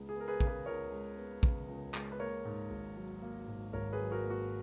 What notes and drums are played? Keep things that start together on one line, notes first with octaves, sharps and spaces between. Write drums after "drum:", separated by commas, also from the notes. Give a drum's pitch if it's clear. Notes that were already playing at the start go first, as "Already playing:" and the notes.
Already playing: C#2 C#3 G#3 B3
G#4
B3
A#4
G#4 B4
C#3, drum: kick A#1
G#4 B4
C#2 A#4 C#5
G#3
B3
C#3, drum: kick A#1
C#2
G#3, drum: clap
B4
A#3 A#4 C#5
G#2
G#1
F#3
A#3
G#2
G#1 A#4 C#5
G#4 B4
F#3
F#4 A#4
A#3
F#4